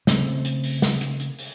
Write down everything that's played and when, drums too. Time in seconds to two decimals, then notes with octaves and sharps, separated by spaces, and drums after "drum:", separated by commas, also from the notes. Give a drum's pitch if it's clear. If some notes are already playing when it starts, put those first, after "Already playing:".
0.07 C#3 A3 C4, drum: snare
0.45 drum: hi-hat
0.64 drum: open hi-hat
0.82 drum: snare
1.01 drum: hi-hat
1.20 drum: hi-hat
1.39 drum: open hi-hat